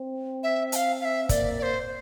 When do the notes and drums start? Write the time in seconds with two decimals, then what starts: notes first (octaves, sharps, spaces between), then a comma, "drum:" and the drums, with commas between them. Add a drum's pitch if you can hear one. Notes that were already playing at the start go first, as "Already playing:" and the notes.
Already playing: C4
0.43 E5
0.72 A5, drum: hi-hat
0.76 F5
1.01 F5
1.05 E5
1.29 A#3 D5, drum: kick, hi-hat
1.59 D5
1.63 C5